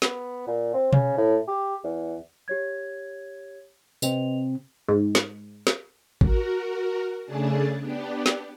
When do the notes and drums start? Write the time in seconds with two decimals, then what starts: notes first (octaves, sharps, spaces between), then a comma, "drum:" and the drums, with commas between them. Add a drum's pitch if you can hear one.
0.02 B3, drum: snare
0.47 A#2
0.74 C4
0.93 C#3, drum: tom B2
1.17 A2
1.48 G4
1.84 E2
2.48 G4 C#5 G#6
4.02 C3 C4 B4 D#5 F7, drum: tambourine
4.88 G#2
5.15 drum: snare
5.67 drum: snare
6.21 F#4 A#4, drum: kick G#1
7.25 C#3 A3 D4 G#4 A5
7.81 B3 D4 G4
8.26 drum: snare